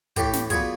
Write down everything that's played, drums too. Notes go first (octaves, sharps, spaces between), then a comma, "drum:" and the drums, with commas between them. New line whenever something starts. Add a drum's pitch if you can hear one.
A2 E3 A3 G4 G5, drum: kick, hi-hat
drum: snare
A#2 F#3 B3 G#4 G#5, drum: kick, hi-hat